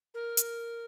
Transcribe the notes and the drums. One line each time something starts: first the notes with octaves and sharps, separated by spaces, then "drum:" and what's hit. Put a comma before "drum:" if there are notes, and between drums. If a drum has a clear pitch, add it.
A#4
drum: hi-hat